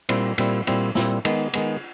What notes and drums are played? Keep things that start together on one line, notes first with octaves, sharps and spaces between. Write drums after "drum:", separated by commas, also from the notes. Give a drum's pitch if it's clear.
A#2 G3 C4 E4, drum: cymbal
A#2 G3 C4 E4, drum: cymbal
A#2 G3 C4 E4, drum: cymbal
A#2 G3 C4 E4, drum: snare
D#3 G#3 B3, drum: cymbal
D#3 G#3 B3, drum: cymbal